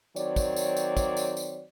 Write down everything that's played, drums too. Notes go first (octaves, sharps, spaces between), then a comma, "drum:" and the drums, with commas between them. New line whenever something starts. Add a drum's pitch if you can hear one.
D#3 F#3 C4 C#5 D5, drum: tambourine
drum: kick, tambourine
drum: tambourine
drum: tambourine
drum: kick, tambourine
drum: tambourine
drum: tambourine